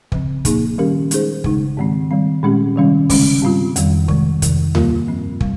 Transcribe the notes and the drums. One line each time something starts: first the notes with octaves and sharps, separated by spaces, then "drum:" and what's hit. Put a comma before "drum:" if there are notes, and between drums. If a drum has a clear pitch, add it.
C#3 F3 C4, drum: kick
A#2 F3 A#3 D#4 G#4, drum: kick, hi-hat
D#3 G3 C#4 G4 A#4
G#3 D#4 G#4 C5, drum: hi-hat
C#3 G#3 D#4, drum: kick
G#2 D#3 G#3 C4
D#3 G3 C4
A#2 G#3 C#4 G4
C3 D#3 G3 C#4
C#3 G#3 C#4, drum: kick, open hi-hat
G#2 G3 C4 F4
F2 D#3 G3, drum: hi-hat
C3 D#3 G#3, drum: kick
F2 C3 D#3, drum: kick, hi-hat
G#2 G3 A#3 F4 A#4, drum: tom D2
G2 F3 C4
C3 G3, drum: kick